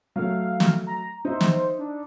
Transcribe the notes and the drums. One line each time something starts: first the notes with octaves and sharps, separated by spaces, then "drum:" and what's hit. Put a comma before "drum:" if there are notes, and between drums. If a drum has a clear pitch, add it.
F#3 A3 F5
drum: snare
A#5
D#4 C5 E5
drum: snare
D4